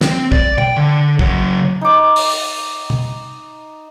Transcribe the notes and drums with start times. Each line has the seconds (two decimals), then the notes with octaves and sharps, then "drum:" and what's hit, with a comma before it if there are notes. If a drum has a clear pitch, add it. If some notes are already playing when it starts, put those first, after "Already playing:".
0.01 C4, drum: snare
0.32 D5, drum: kick
0.58 G5, drum: tom
0.77 D3
1.19 C#3 F#3, drum: kick
1.81 D#4 D6
2.16 drum: open hi-hat
2.90 drum: tom